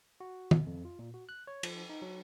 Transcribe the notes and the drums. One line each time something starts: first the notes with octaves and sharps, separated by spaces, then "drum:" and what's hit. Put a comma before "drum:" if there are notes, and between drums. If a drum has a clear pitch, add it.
F#4
B2, drum: tom D#3
F2
F4
A#2
F#4
F#6
C#5
F3, drum: cymbal
D#4
F#3